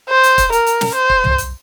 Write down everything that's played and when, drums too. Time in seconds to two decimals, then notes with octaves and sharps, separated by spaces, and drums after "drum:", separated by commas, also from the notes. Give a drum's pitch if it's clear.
0.09 C5
0.23 drum: hi-hat
0.38 drum: kick, hi-hat
0.52 A#4, drum: hi-hat
0.67 drum: hi-hat
0.81 drum: snare
0.95 C5
1.10 drum: kick
1.24 drum: tom
1.38 drum: hi-hat